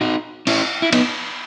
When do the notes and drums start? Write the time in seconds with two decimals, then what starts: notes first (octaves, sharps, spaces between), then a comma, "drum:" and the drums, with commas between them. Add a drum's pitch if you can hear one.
0.01 D#4 F#4
0.47 C#4 E4, drum: cymbal
0.82 E4
0.92 B3 D#4, drum: cymbal